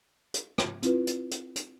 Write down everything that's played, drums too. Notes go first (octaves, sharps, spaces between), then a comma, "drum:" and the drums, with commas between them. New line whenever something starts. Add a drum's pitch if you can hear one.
drum: hi-hat
drum: rim click
C4 E4 F4 B4, drum: hi-hat
drum: hi-hat
drum: hi-hat
drum: hi-hat